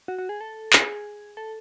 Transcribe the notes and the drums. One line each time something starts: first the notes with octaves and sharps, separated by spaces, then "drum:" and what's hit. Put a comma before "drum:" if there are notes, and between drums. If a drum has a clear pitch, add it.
F#4
F#4
G#4
A4
G#4, drum: clap
A4